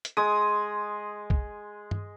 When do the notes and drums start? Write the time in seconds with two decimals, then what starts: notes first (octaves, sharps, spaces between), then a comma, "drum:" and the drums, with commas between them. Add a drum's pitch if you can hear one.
0.05 drum: hi-hat
0.17 G#3 D#6
1.30 drum: kick B1
1.91 drum: tom G2